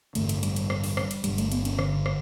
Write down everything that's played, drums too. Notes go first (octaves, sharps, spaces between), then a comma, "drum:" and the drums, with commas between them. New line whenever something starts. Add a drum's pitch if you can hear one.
A1 G2 D3 A3, drum: hi-hat
drum: hi-hat
G3, drum: hi-hat
drum: hi-hat
drum: rim click
drum: open hi-hat
drum: rim click
drum: hi-hat
G1 G2 D3 G3, drum: hi-hat
A3, drum: hi-hat
B3, drum: hi-hat
C#4, drum: hi-hat
D3, drum: rim click
drum: rim click